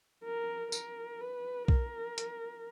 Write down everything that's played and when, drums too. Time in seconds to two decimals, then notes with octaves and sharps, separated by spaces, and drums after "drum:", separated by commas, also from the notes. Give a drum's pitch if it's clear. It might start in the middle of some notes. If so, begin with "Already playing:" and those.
0.25 A#4
0.72 A#4, drum: tambourine
1.21 B4
1.68 A#4, drum: kick B1
2.18 drum: hi-hat